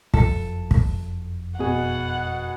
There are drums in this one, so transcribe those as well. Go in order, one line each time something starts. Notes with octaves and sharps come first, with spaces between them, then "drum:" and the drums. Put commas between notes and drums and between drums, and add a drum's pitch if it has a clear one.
F#1 F2 A4, drum: kick
drum: kick
B2 G#4 F#5